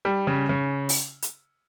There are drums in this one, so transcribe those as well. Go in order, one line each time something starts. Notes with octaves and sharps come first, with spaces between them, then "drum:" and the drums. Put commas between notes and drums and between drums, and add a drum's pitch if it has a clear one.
G3
C#3
C#3
drum: open hi-hat
drum: hi-hat